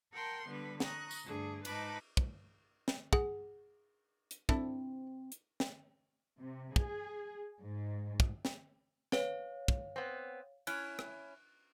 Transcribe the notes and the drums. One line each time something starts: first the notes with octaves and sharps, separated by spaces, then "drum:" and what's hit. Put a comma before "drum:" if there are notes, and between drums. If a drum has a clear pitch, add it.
A#4 F#5 G5 A5 C6
D3 G3 B3 B4
A#5 C#6 D#6 F#6, drum: snare
drum: tambourine
D2 G2 D4 G#4
G#2 D#4 B4 A5 B5 D6, drum: cymbal
drum: kick
drum: snare
G#4 F#5, drum: kick
drum: hi-hat
C4 D4 E4 A4, drum: kick
drum: hi-hat
drum: snare
C3
G#4, drum: kick
G#2
drum: kick
drum: snare
B4 C#5 F5, drum: snare
drum: kick
B3 C4
C#4 E4 F#6, drum: cymbal
drum: rim click